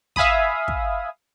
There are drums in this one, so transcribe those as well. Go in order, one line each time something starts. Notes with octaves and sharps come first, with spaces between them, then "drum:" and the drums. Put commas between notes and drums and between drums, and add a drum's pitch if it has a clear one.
E5 F5 G#5 B5 D#6, drum: kick
drum: kick